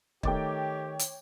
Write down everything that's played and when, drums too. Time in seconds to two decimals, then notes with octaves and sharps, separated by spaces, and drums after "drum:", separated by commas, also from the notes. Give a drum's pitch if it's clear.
0.23 D#3 A3 G4 C#5 G5 D6 A6, drum: kick
0.99 drum: hi-hat